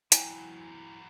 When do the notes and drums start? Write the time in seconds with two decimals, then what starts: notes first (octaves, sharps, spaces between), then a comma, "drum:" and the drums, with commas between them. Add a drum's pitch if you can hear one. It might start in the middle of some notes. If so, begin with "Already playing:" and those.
0.12 E3 F#3 E4 G5 G#5, drum: hi-hat